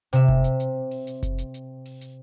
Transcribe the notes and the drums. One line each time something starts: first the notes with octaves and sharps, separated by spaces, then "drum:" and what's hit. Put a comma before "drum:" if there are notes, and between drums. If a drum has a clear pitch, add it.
C3 E5, drum: hi-hat
drum: kick F#1
drum: hi-hat
drum: hi-hat
drum: open hi-hat
drum: hi-hat
drum: kick F#1, hi-hat
drum: hi-hat
drum: hi-hat
drum: open hi-hat
drum: hi-hat